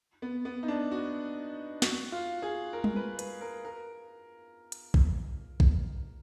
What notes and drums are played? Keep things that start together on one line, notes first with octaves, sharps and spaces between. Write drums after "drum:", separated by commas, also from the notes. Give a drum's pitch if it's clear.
B3
B3
D#4
D4
F#4
F#4, drum: snare
F4
G#4
A#4
drum: tom G3
B4
B4, drum: hi-hat
A#4
A#4
drum: hi-hat
drum: kick A#1
drum: kick A#1